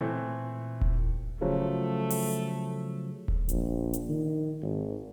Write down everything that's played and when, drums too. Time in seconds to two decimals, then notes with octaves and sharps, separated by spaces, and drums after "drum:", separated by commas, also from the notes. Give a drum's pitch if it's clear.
0.01 A#2 E3 A3 C4
0.81 drum: kick D#1
1.41 C#3 F3 F#3 A3
2.10 drum: open hi-hat
3.28 drum: kick D#1
3.49 A#1, drum: hi-hat
3.93 drum: hi-hat
4.09 D#3
4.62 G#1